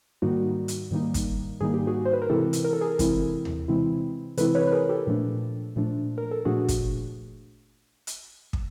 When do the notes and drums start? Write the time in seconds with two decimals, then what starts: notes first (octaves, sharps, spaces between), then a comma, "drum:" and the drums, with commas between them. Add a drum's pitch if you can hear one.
0.22 G#2 D#3 G3 A#3 D#4 F#4
0.68 drum: hi-hat
0.91 G#2 D#3 G3 A#3 D#4
1.14 drum: kick, hi-hat
1.61 G#2 D#3 G3 A#3 D#4 G#4
1.74 G4
1.87 F#4 G#4
2.05 C5
2.13 B4
2.22 A#4
2.30 C3 E3 G#3 C4 E4 G4 A4
2.53 drum: hi-hat
2.65 A#4
2.73 A4
2.81 G#4 A#4
2.99 C3 E3 G#3 C4 E4, drum: kick, hi-hat
3.45 drum: tom D#2
3.68 C3 E3 G#3 C4 E4
4.37 C3 E3 G#3 C4 E4 A4 B4, drum: hi-hat
4.55 B4 C#5
4.67 B4
4.72 G#4 A#4
4.89 G4 A4
5.07 A#2 F3 A3 D4
5.76 A#2 F3 A3 D4
6.18 A#4
6.31 A4
6.45 A#2 F3 A3 D4 F#4 G#4
6.68 drum: kick, hi-hat
8.07 drum: hi-hat
8.53 drum: kick